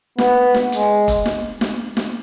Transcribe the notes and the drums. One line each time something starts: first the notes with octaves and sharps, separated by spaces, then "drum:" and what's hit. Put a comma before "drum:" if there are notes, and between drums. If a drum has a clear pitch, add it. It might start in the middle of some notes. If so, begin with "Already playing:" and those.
B3, drum: snare
drum: snare
G#3, drum: hi-hat
drum: kick, hi-hat
drum: snare
drum: snare
drum: snare